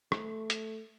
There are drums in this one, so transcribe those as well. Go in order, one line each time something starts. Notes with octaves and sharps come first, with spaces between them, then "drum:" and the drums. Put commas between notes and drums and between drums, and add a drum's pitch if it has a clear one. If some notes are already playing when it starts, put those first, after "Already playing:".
A3, drum: rim click
drum: hi-hat